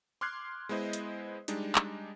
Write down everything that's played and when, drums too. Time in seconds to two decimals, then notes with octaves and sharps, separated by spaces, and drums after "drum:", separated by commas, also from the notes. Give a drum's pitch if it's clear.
0.21 C6 D6 F6 F#6 G#6 C7
0.69 G#3 B3 E4 C5 D#5
0.93 drum: hi-hat
1.48 G3 G#3 D4 D#4, drum: hi-hat
1.75 drum: clap